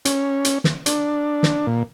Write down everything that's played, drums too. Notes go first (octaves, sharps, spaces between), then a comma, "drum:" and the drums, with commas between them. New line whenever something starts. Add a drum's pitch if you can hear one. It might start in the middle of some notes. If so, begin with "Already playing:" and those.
C#4, drum: hi-hat
drum: hi-hat
drum: snare
D4, drum: hi-hat
drum: snare
A#2